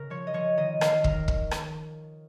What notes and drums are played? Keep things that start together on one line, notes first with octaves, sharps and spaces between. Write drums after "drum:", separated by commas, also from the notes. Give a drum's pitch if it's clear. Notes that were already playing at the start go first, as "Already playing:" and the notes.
Already playing: C#3 A#4
F3 C#5
D#5
F3 C#5
D#3 D#5
D#3 F5, drum: rim click
D#3 A#4, drum: kick
drum: kick
drum: rim click